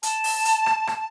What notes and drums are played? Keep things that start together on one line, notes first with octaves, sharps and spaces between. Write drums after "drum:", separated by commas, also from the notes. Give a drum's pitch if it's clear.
A5, drum: hi-hat
drum: open hi-hat
drum: hi-hat
drum: rim click
drum: rim click